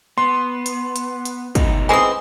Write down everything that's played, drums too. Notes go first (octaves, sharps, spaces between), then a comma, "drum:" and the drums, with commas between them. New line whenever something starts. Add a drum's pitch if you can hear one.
B3 C6
drum: hi-hat
drum: hi-hat
drum: hi-hat
B2 A3 D#4, drum: kick, hi-hat
E3 G#3 C4 G#5 D#6